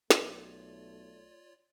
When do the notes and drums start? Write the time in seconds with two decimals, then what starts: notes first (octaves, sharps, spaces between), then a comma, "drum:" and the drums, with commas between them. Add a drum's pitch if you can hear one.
0.10 B1 A3 F4 C#5 D5, drum: snare